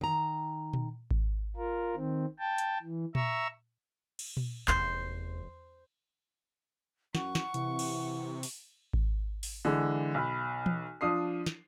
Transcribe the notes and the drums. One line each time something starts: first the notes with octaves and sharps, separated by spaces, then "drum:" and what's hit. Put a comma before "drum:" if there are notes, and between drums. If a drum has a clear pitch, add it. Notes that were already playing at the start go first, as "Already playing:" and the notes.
D#3 A#5
drum: tom A#2
drum: kick G#1
F4 A#4
D#3 C4
G5 A5
drum: hi-hat
E3
E5 A#5 C#6 E6, drum: tom A#2
drum: cymbal
drum: tom A#2
F1 E2 C5, drum: clap
F#2 F#5 C#6, drum: snare
drum: snare
C3 E3, drum: hi-hat
drum: cymbal
drum: open hi-hat
drum: kick G#1
drum: open hi-hat
D3 E3 G#3
B1 B5
drum: tom E3
F3 D4 D#6 C7
drum: snare